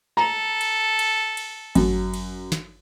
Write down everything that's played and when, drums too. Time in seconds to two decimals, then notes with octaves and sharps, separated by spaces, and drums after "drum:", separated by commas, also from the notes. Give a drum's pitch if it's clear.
0.17 A4 A#5
0.61 drum: cymbal
0.99 drum: cymbal
1.37 drum: cymbal
1.75 F#2, drum: kick G#1, cymbal
2.14 drum: cymbal
2.52 drum: snare